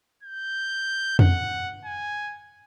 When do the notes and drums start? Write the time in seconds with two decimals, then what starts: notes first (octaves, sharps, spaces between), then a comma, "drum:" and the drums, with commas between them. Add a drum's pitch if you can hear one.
0.23 G6
1.19 F#5, drum: tom F2
1.85 G#5